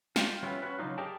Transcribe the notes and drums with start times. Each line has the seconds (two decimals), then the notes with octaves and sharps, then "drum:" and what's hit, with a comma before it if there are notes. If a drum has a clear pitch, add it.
0.16 F4 G4, drum: snare
0.43 G3 B3 C#4 E4 F4
0.62 C#4 F#4 B4
0.79 C#3 F#3 D4 D#4 F4
0.98 G4 G#4 A#4 D5 G5 A5